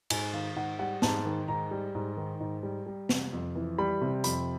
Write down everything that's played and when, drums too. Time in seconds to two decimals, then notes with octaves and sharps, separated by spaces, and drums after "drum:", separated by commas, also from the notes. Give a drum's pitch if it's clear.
0.10 G#2 G#5, drum: cymbal
0.33 D#3 F5
0.56 G#2 F#5
0.79 G3 F#5
1.02 G#2 A5, drum: snare
1.26 D#3
1.48 G#2 A#5
1.71 G3
1.95 G#2
2.17 D#3
2.40 G#2
2.63 G3
2.86 G3
3.09 C3, drum: snare
3.33 F2
3.56 E3
3.78 G3 B5
4.01 C3
4.24 F2 B5, drum: hi-hat